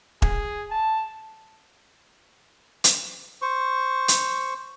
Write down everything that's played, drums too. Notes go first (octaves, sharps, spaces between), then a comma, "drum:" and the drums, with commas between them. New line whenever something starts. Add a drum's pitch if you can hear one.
G#4, drum: kick E1
A5
drum: hi-hat
C5 C#6
drum: hi-hat